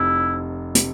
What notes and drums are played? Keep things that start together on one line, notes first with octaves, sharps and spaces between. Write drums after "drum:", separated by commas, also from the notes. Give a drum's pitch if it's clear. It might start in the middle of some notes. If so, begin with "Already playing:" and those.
Already playing: F1 F2 C3 E4
C3, drum: hi-hat